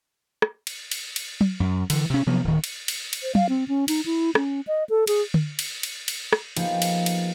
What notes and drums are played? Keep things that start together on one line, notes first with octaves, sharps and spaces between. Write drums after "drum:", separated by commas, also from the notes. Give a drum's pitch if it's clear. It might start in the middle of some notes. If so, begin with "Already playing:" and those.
drum: rim click
drum: cymbal
drum: cymbal
drum: cymbal
drum: tom F#3
F#2
D3 E3, drum: cymbal
C3 C#4
C3 F3 F#3 B3
D1 D#3
drum: cymbal
drum: cymbal
drum: cymbal
C5
F5, drum: tom F#3
C4
C#4
D#4, drum: cymbal
E4
C#4, drum: rim click
D#5
A4
G#4, drum: cymbal
drum: tom D3
drum: cymbal
drum: cymbal
drum: cymbal
drum: rim click
F3 A#3 B3 D#4 G4 G#4, drum: cymbal
drum: cymbal
drum: cymbal